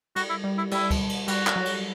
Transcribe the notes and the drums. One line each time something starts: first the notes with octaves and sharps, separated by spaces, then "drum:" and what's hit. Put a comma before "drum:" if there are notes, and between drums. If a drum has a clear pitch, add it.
G3 F#4, drum: cymbal
E4
G3
E4
G3 E4, drum: cymbal
drum: kick C#2, cymbal
drum: cymbal
G3 F#4, drum: cymbal
drum: clap
F#3
drum: cymbal